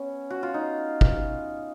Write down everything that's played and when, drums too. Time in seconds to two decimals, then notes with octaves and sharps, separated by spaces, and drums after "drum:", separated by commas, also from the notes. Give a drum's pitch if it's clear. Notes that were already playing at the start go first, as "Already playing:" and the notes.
Already playing: B3 C#4
0.30 F#4
0.43 F4
0.54 D#4
1.01 drum: kick